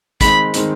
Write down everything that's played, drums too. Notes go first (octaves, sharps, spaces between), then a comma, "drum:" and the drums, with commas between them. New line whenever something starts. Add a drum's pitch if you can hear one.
D#3 G#3 C4 D#4 B5, drum: kick, hi-hat
D#3 G#3 C4 D#4, drum: hi-hat